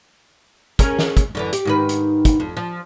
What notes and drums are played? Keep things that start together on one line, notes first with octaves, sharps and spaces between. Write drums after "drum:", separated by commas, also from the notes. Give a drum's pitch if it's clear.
C#4 G#4 A#4, drum: kick, hi-hat
drum: snare
drum: kick, hi-hat
F#2 D3 E3
G4, drum: hi-hat
G#2 D#3 B4
drum: hi-hat
drum: kick, hi-hat
F2
F3